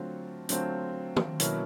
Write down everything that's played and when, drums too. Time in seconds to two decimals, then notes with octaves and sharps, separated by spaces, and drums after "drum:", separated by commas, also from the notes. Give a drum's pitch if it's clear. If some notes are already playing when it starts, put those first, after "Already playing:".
Already playing: D3 F#3 A3 C4 F4
0.49 D3 F#3 A3 C4 F4, drum: hi-hat
1.16 drum: tom
1.40 B2 F#3 A#3 C#4 E4, drum: hi-hat